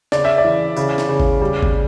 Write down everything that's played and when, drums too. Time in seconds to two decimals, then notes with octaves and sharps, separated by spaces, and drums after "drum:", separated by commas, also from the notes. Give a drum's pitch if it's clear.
0.12 C#3 D5, drum: snare
0.25 E5
0.38 D5
0.45 E3
0.77 C#3, drum: tambourine
0.98 drum: snare
1.09 C#3
1.20 drum: kick G1
1.41 G3
1.63 drum: kick G1